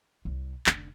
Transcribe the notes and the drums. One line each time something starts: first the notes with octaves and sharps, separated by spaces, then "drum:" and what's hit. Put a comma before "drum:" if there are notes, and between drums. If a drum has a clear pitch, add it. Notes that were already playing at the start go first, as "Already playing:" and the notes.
C2
F1 D3, drum: clap